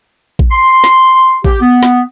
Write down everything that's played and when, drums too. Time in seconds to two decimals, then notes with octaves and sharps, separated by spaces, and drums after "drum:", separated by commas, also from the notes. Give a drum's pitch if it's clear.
0.39 drum: kick A1
0.51 C6
0.84 drum: snare
1.45 G4, drum: kick A1
1.61 B3
1.83 drum: snare